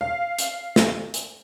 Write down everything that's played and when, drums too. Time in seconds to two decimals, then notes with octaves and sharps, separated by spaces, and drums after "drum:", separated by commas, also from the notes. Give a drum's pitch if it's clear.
0.01 F5
0.39 drum: hi-hat
0.76 drum: snare
1.14 drum: hi-hat